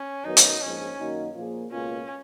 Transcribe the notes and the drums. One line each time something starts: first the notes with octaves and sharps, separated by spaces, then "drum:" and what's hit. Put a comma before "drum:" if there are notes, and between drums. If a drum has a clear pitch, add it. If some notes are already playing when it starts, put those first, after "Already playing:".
Already playing: C#4
F#2 D#3 F#3 B3 D#4
drum: hi-hat
A#1 G#2 F3 C#4
F#2 D#3 A#3 D#4 F#4
A#2 F3 A#3 F4 G#4
C#2 B2 A#3 C#4 F4